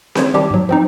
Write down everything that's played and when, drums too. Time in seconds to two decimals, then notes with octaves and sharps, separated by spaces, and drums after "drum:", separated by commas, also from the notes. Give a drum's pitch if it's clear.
0.15 G#4 C5 C#5, drum: snare C4
0.34 D#3 G3 G4 A5 D6
0.51 G#2 F#3
0.69 F3 C4 D#4